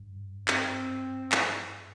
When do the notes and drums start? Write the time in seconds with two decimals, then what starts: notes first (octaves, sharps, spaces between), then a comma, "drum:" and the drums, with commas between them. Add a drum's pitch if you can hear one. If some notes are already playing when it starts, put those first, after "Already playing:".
Already playing: G2
0.48 C4, drum: clap
1.32 drum: clap